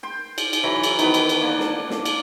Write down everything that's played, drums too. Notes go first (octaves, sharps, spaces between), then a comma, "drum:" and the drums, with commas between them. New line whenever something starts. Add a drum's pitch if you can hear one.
G5 C6
drum: cymbal
drum: cymbal
E3 F#3 A#5
drum: cymbal
D#3 E3 B3 B4, drum: cymbal
drum: cymbal
drum: cymbal
A#3 D4
drum: snare
drum: snare
drum: cymbal